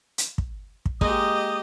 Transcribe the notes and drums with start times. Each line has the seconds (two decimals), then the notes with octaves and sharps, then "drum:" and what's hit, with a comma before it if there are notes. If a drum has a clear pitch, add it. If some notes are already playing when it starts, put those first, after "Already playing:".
0.18 drum: hi-hat
0.38 drum: kick
0.86 drum: kick
1.01 G#3 A#3 G4 D#5 D#6, drum: kick